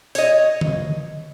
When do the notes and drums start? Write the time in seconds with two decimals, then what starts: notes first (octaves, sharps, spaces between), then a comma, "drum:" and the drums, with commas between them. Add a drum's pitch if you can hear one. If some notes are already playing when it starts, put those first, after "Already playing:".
0.15 C#5 D#5, drum: open hi-hat
0.61 drum: tom D3